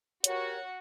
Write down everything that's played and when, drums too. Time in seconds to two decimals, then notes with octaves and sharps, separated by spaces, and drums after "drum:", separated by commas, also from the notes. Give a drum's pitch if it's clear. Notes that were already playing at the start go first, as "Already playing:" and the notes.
0.24 F#4 G4 A#4 C#5, drum: hi-hat